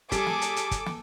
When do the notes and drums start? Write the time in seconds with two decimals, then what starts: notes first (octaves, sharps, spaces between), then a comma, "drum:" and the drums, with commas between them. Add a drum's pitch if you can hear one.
0.12 G3 G#4 A4 D6, drum: kick, hi-hat
0.27 drum: snare
0.42 drum: hi-hat
0.56 drum: hi-hat
0.71 drum: kick, hi-hat
0.86 drum: snare